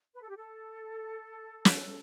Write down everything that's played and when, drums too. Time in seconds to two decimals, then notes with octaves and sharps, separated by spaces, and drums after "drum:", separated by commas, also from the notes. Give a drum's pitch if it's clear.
0.14 B4
0.22 A4
0.29 G4
0.37 A4
1.65 drum: snare